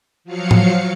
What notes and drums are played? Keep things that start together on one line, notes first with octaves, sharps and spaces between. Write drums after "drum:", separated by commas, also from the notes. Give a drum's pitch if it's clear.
F3 F#3 F5 C#7
drum: tom A2